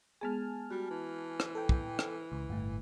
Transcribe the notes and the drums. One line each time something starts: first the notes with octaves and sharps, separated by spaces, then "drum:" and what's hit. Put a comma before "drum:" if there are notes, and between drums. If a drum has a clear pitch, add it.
G#3 B3 G#4 G#5 A5 F6
G3 F#4
E3
drum: rim click
A4 G5
drum: kick
drum: rim click
C#2
G1 A2